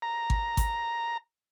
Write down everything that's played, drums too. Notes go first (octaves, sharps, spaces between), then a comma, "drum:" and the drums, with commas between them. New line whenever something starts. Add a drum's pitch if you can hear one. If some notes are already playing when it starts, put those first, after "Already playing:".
A#5
drum: kick G#1
drum: kick G#1, hi-hat